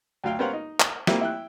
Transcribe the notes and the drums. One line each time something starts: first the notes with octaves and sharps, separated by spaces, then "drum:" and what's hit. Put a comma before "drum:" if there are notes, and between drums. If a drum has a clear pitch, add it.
D2 F#3 F5 G5
B3 C#4 A#4 C5 F5 F#5
D#4
C#6, drum: clap
G3 A#3 C4 E4 F4, drum: snare
E4 G5 F#6